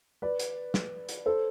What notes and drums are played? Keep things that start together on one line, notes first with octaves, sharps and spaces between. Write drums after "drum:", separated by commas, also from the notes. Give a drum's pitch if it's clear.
B4 D5
drum: hi-hat
drum: snare
drum: hi-hat
A4 C5